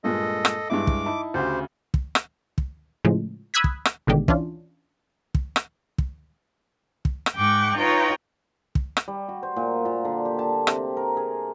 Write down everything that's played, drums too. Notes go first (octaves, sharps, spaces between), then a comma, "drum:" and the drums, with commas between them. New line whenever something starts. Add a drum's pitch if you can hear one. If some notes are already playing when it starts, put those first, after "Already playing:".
G2 A#2 G#3 A4 D#5
drum: rim click
G2 G#3 E4 D6
drum: kick
D#4 E4 A5
D2 C#3 F#4 G4 C5
drum: kick
drum: rim click
drum: kick
A2 C#3 F3 G#3
B5 D#6 E6 F#6 G#6 B6
drum: kick
drum: rim click
A1 B2 D3 D#3 G#3 G4
E3 C#4 D4 F4, drum: kick
drum: kick
drum: rim click
drum: kick
drum: kick
drum: rim click
G#2 G5 C#6 D6 F#6
D#4 F4 B4 C#5 G5 A#5
drum: kick
drum: rim click
G3
F#4
C5
A#2
A#2
D3
G4
A5
C3, drum: rim click
A#4
G#4